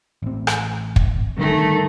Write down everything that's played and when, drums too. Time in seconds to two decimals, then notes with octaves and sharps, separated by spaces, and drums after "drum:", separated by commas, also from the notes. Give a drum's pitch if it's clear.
0.23 A1 C4
0.47 drum: rim click
0.96 drum: kick
1.38 G2 D3 D#3 G3 A3